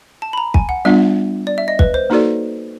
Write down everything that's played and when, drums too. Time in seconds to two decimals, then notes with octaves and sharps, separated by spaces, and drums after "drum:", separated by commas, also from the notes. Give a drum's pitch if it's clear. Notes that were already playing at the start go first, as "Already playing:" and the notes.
0.22 A5
0.33 B5
0.38 A#5
0.54 G#5, drum: kick
0.69 F#5
0.85 G3 B3 D4 F4 E5
1.47 D5
1.58 E5
1.68 D#5
1.79 B4, drum: kick
1.94 C5
2.10 A#3 D#4 F#4 A4 D5